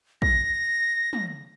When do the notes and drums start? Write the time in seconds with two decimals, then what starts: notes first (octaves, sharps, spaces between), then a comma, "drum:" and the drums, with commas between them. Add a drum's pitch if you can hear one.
0.22 A#6, drum: kick
1.13 drum: tom